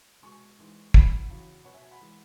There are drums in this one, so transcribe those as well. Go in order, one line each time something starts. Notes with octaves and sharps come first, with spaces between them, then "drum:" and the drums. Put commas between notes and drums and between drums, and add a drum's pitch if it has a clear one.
B2 G#3 G#5 C#6
G#2 E3 G#3
F#2 E3 G#3 F#5 B5, drum: kick
E2 C#3 F#3
B2 F#3 C#5 F#5
E5 G#5
G#5
F#5 B5
E3 G#3